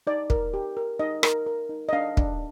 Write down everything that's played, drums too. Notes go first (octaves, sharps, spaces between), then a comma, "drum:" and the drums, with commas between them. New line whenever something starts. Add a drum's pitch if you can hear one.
D#4 D5
A#4, drum: kick
G4
A#4
D#4 D#5
A#4, drum: rim click
A#4
D#4
D#5
D4 F5
D4, drum: kick